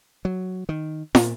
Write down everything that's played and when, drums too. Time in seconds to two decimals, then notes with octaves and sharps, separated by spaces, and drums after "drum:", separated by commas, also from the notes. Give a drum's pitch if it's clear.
0.25 F#3
0.69 D#3
1.15 A#2, drum: snare